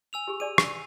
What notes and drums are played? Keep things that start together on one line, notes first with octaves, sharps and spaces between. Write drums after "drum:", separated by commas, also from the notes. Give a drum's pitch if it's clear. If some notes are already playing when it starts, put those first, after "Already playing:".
G#5 E6 F7
G4 G#4 C#6
G#4 D5 G#5 D#7
drum: rim click